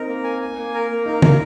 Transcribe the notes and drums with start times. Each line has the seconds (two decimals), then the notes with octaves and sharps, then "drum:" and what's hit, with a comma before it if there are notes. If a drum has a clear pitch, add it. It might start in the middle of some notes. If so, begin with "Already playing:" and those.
Already playing: C4 D#4 A#4
0.08 A#3
0.24 G#5
0.41 G#5
0.57 A#3
0.74 A#4
0.91 A#3
1.06 D#4 A#4
1.22 A#3, drum: tom